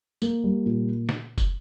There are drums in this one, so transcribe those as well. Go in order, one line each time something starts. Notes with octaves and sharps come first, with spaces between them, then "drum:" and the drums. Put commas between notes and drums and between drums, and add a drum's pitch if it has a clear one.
A#3, drum: tambourine
G3
A#2
drum: snare
drum: kick, tambourine